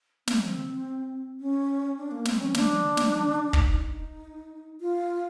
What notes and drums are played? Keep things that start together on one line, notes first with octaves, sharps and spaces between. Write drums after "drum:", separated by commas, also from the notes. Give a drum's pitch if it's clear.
C4, drum: snare
C#4
D4
A#3
C4, drum: snare
C#4
D4, drum: snare
drum: snare
drum: kick
D#4
F4